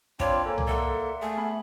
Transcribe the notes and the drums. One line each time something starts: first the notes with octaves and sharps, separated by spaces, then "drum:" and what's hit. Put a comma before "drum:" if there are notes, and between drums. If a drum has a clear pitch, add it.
C4 D4 F4 C#5 G5 B5, drum: kick
A#3 A4 G#5
drum: tom C2
A4 D5 E5 F#5 C6
A3 G#4 A4
B3 B5